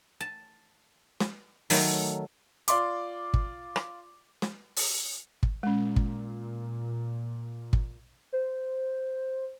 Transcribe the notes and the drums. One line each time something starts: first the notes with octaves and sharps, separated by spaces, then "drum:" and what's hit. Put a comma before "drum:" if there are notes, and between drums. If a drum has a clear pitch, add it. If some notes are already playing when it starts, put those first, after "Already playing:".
A5
drum: snare
D#3 F#3 A3, drum: open hi-hat
F4 D5 C6 D6, drum: hi-hat
drum: kick
drum: rim click
drum: snare
drum: open hi-hat
drum: kick
A#2 G#3 C#4
drum: kick
drum: kick
C5